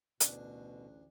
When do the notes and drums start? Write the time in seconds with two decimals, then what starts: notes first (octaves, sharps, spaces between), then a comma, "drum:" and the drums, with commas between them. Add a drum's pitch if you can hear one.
0.20 A1 D2 B2 D4 G#5, drum: hi-hat